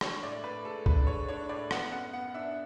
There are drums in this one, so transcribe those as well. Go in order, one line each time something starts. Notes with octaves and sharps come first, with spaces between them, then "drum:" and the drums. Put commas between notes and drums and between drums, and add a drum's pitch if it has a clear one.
D4 C#5, drum: rim click
A2 D5
A2 B4
G#3 A4
D4 B4, drum: kick
G#3 C#5
D4 C#5
A2 D5
B3 F#5, drum: rim click
F#2 F#5
B3 F#5
D4 E5